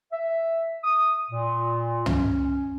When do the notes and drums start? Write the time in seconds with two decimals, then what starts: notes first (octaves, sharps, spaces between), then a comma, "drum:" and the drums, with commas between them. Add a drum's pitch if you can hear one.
0.11 E5
0.83 D#6
1.30 A#2
2.06 C#4, drum: tom